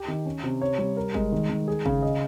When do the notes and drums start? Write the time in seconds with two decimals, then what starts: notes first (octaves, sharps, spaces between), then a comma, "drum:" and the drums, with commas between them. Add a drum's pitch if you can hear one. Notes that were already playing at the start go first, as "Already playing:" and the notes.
Already playing: G4
0.08 D#3
0.26 C#4
0.43 C3
0.61 C#5
0.78 G3
0.97 A#4
1.14 G#3, drum: kick G1
1.32 D#3
1.49 D#3
1.68 G#4
1.86 C#3, drum: kick G1
2.02 D#5